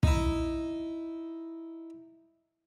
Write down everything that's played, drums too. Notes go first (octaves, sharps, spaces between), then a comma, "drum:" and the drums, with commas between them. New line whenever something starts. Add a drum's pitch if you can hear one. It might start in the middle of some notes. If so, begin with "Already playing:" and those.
D#4 E4, drum: kick